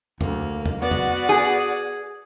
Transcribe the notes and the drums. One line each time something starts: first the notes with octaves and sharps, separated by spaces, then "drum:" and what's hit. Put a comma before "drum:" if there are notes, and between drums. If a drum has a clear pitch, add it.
D2 A#3, drum: tom E2
drum: tom E2
B3 F#4 D5
drum: tom E2
G#4